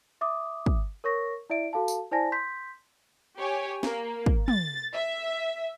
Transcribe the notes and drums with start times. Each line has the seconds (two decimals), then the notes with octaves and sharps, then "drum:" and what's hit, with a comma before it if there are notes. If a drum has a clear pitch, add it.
0.21 E5 D6 D#6
0.66 drum: kick
1.04 A#4 C#5 C#6 A#6
1.50 E4 D5 E5 D7
1.73 F#4 A4 F5 A5
1.88 drum: tambourine
2.11 E4 C5 D5 G#5 A5 A#6
2.32 C6 G6 B6
3.38 G4 C#5 G#5
3.83 A#3, drum: snare
4.26 drum: kick
4.48 A6, drum: tom
4.93 E5